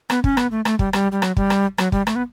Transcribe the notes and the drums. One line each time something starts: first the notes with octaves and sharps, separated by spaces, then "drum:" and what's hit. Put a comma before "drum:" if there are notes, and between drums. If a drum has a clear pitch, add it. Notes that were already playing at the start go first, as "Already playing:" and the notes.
B3, drum: rim click
C#4, drum: kick
B3, drum: rim click
A3
A3, drum: rim click
G3, drum: kick
G3, drum: rim click
G3
F#3, drum: rim click
G3, drum: kick
drum: rim click
F#3, drum: rim click
G3, drum: kick
A3, drum: rim click
B3